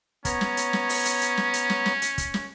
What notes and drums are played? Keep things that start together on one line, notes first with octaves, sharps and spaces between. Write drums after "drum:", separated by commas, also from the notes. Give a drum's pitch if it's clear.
B3 C#4 C#5 A#5, drum: kick, hi-hat
drum: snare
drum: hi-hat
drum: snare
drum: open hi-hat
drum: hi-hat
drum: hi-hat
drum: snare
drum: hi-hat
drum: snare
drum: snare
drum: hi-hat
drum: kick, hi-hat
drum: snare